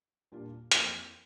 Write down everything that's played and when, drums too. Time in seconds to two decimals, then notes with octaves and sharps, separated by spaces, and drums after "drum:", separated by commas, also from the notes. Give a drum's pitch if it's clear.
0.32 A#2 G3 D4 F4
0.71 F2 E3 A#3, drum: hi-hat